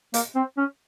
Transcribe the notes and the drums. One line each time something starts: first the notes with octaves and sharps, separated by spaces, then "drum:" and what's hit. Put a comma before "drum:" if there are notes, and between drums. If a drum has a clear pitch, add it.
A#3, drum: hi-hat
C4
C#4